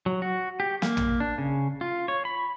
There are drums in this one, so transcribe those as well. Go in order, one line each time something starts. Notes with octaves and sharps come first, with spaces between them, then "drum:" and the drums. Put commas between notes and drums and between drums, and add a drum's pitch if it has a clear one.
F#3
F#4
G4
A#3, drum: snare
drum: tom
D4
C#3
F4
C#5
B5